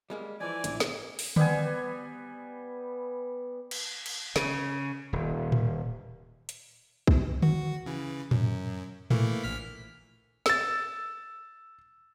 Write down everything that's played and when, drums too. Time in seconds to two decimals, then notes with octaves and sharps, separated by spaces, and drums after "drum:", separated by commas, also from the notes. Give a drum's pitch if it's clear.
0.10 G3 G#3 A#3
0.41 E3 F3 D5 G#5
0.64 A#1 A2, drum: hi-hat
0.80 drum: snare
1.19 drum: open hi-hat
1.36 G3 B3 G#5, drum: tom D3
3.71 drum: cymbal
4.06 drum: cymbal
4.36 C#3, drum: snare
5.13 D#1
5.52 drum: tom A2
6.49 drum: hi-hat
7.07 drum: kick
7.42 F#4, drum: tom D3
7.86 C#3 E3
8.31 F#2, drum: tom A2
9.10 E3 A3 A#3, drum: tom A2
9.44 A#1 F6 B6
10.46 E6 A6, drum: snare